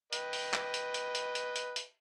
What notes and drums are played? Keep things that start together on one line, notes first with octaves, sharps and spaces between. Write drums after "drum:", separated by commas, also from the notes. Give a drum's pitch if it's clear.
B4 D#5 G5, drum: hi-hat
drum: open hi-hat
drum: clap
drum: hi-hat
drum: hi-hat
drum: hi-hat
drum: hi-hat
drum: hi-hat
drum: hi-hat